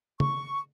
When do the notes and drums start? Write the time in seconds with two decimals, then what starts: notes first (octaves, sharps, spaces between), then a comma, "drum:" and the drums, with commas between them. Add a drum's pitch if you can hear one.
0.20 C#6, drum: tom